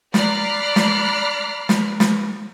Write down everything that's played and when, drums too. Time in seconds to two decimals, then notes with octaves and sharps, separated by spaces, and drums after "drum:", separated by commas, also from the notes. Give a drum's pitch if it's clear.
0.14 D5 A#5 B5 F6 F#6 C7, drum: snare
0.76 drum: snare
1.69 drum: snare
2.00 drum: snare